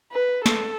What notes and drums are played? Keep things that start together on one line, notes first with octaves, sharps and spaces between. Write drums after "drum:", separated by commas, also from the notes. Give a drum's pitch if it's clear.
B4
A4, drum: snare